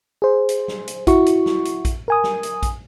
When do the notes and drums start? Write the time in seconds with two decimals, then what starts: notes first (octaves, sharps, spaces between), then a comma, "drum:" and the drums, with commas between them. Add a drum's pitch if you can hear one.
0.22 G#4 C5
0.49 drum: hi-hat
0.68 drum: snare
0.88 drum: hi-hat
1.07 E4 F#4 C#6, drum: kick A#1, hi-hat
1.26 drum: hi-hat
1.46 drum: snare
1.65 drum: hi-hat
1.85 drum: kick A#1, hi-hat
2.08 A#4 G#5 D#6
2.24 drum: snare
2.43 drum: hi-hat
2.63 drum: kick A#1, hi-hat